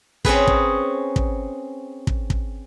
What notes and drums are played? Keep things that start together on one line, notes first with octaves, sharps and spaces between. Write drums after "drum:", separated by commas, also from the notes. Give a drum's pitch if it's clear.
C4 C#4 G#4 B4, drum: kick
drum: kick
drum: kick
drum: kick
drum: kick